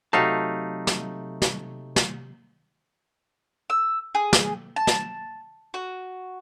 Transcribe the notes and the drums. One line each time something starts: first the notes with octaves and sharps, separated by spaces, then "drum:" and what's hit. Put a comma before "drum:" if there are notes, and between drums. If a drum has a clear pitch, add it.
C3 F#3 A3 D#4 F5 A5
drum: snare
drum: snare
drum: snare
E6
G#4
drum: snare
A5
drum: snare
F#4